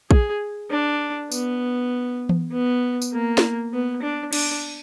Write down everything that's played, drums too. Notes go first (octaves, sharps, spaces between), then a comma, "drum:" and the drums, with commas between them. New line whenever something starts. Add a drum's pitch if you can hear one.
G#4, drum: kick
D4
B3, drum: tambourine
drum: tom E3
B3
drum: tambourine
A#3
drum: snare
B3
D4
D4, drum: cymbal